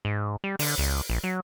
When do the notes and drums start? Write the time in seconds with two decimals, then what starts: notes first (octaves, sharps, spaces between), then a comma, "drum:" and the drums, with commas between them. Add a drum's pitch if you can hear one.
0.05 G#2
0.44 G3
0.59 D3, drum: open hi-hat
0.78 C#2
1.10 A#1
1.24 F#3